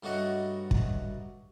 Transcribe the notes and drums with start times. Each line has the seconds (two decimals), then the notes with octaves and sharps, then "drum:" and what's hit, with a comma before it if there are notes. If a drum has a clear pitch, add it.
0.03 G2 F#3 A3 F#4 D#5 F#5
0.71 drum: kick